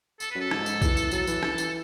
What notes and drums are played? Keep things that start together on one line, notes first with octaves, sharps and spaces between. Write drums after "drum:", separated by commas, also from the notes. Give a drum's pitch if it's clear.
A4, drum: tambourine
F#2 B4
A4
G#2, drum: rim click
drum: tambourine
E3, drum: kick, tambourine
drum: tambourine
F#3 A4, drum: tambourine
E3, drum: tambourine
drum: rim click
drum: tambourine